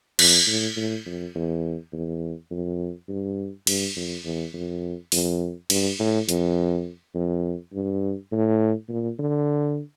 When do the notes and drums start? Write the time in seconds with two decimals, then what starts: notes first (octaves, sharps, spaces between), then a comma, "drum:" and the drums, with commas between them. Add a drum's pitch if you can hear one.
0.19 F2, drum: cymbal
0.47 A2
0.76 A2
1.06 F2
1.35 E2
1.93 E2
2.51 F2
3.09 G2
3.67 G2, drum: cymbal
3.96 F2
4.25 E2
4.54 F2
5.12 F2, drum: open hi-hat
5.70 G2, drum: cymbal
5.99 A2
6.29 F2, drum: hi-hat
7.15 F2
7.73 G2
8.32 A2
8.89 A#2
9.19 D3